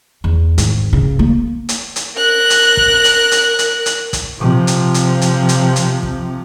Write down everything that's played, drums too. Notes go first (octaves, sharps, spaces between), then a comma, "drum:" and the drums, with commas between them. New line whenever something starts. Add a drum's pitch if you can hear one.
E2
G#1, drum: hi-hat
C#3
A#3
drum: hi-hat
drum: hi-hat
A#4 F#6
drum: hi-hat
drum: kick
drum: hi-hat
drum: hi-hat
drum: hi-hat
drum: hi-hat
drum: kick, hi-hat
C3 F3
drum: hi-hat
drum: hi-hat
drum: hi-hat
drum: hi-hat
drum: hi-hat
drum: kick